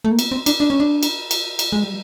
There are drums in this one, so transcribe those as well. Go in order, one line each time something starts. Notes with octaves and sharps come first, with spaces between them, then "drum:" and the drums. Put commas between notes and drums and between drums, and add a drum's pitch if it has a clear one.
A3
A#3
B3, drum: cymbal
C4
D4, drum: cymbal
D4
C#4
D4
drum: cymbal
drum: cymbal
drum: cymbal
G#3
G3